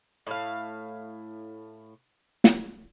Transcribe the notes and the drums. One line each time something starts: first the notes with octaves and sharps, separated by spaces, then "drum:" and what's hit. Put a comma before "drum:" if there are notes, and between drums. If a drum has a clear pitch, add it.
A2 F5
drum: snare